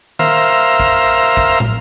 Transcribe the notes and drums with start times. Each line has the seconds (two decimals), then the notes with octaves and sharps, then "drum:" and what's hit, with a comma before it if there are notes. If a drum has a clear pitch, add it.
0.19 A#4 C5 E5 F5, drum: tom D#3
0.80 drum: kick A1
1.37 drum: kick A1
1.60 drum: tom